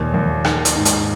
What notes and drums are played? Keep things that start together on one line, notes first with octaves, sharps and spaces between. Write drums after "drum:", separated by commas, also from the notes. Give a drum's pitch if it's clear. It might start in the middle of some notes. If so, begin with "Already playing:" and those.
Already playing: D#2 A#2
D#2
D#3, drum: rim click
drum: hi-hat
G#2
drum: hi-hat